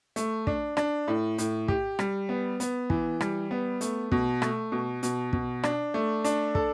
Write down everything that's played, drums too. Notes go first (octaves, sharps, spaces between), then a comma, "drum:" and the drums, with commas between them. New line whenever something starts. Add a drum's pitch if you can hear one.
A3, drum: hi-hat
D4, drum: kick
D4, drum: rim click
A2
A2, drum: hi-hat
G4, drum: kick
G3, drum: rim click
B3
B3, drum: hi-hat
E3, drum: kick
G3, drum: rim click
B3
A3, drum: hi-hat
B2, drum: kick
A3, drum: rim click
B2
B2, drum: hi-hat
B2, drum: kick
D4, drum: rim click
A3
D4, drum: hi-hat
A4, drum: kick